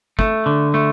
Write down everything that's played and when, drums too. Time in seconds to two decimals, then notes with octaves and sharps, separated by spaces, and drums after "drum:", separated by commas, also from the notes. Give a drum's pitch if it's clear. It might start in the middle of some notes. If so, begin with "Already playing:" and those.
0.19 A3, drum: kick
0.46 D3
0.74 A3